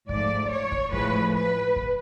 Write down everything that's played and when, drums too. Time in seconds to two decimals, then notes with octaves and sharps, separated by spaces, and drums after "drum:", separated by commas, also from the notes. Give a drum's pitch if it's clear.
0.09 G#2 F3 A3 D5, drum: kick
0.51 C#5
0.72 drum: kick
0.93 A2 F3 G#3 B4, drum: kick
1.35 B4
1.76 drum: kick